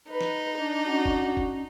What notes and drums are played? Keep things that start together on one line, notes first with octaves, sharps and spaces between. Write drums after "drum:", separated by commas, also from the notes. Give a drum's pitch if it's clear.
D#4 B4
drum: snare
D4
C#4 F#4
drum: kick
drum: kick